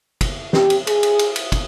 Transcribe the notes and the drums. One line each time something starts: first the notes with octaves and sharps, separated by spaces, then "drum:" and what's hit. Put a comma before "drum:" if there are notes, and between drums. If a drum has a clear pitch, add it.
drum: kick, cymbal
G4, drum: snare
drum: cymbal
G#4, drum: cymbal
drum: cymbal
drum: cymbal
drum: cymbal
drum: kick, cymbal